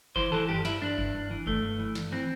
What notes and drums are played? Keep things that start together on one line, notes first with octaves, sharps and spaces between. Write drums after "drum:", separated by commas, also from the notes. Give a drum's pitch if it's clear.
E3 C5, drum: kick F#1
E3 A4
G2 G4
G2 E4, drum: snare
G2 D4
G2, drum: kick F#1
G2
E3
G2 A3, drum: kick F#1
G2
E3
G2, drum: snare
E3 C4